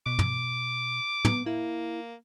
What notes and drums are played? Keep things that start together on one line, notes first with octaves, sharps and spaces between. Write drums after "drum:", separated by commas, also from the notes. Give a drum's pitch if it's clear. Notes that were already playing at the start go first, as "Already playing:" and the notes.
B2 D6
drum: tom
B3, drum: tom
A#3 E4